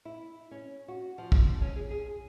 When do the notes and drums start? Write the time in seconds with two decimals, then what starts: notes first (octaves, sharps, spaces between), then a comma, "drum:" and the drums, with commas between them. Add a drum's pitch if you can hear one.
0.05 E4
0.51 C#4
0.88 F#4
1.18 F3
1.32 drum: kick
1.61 C#4
1.76 G#4
1.91 G#4